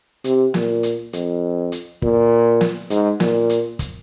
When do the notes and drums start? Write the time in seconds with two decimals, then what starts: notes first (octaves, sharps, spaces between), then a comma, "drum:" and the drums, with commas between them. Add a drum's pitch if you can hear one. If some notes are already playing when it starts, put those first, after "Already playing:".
0.24 C3, drum: hi-hat
0.54 A#2, drum: snare
0.83 drum: hi-hat
1.13 F2, drum: hi-hat
1.72 drum: hi-hat
2.02 A#2, drum: kick
2.61 drum: snare
2.90 G#2, drum: hi-hat
3.20 A#2, drum: snare
3.50 drum: hi-hat
3.79 drum: kick, hi-hat